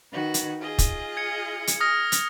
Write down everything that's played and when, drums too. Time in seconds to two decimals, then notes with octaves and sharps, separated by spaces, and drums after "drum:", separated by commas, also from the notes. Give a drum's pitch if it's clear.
0.12 D#3 F#4 B4
0.34 drum: hi-hat
0.61 F4 G#4 D#5
0.78 drum: kick, hi-hat
1.17 G#6 C#7
1.67 drum: hi-hat
1.81 D#6 F6 A#6
2.12 drum: hi-hat